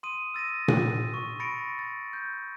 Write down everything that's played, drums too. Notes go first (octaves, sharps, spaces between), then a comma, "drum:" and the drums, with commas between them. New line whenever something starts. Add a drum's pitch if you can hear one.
C6 D#6 D#7
E6 A6 A#6 D#7
drum: tom A#2
C#6
B5 A6 A#6 C#7 D7
A6
G6